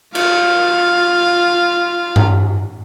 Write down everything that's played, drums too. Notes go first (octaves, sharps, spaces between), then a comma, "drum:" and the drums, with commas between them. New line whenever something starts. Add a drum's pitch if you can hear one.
F4 F5, drum: cymbal
drum: tom G2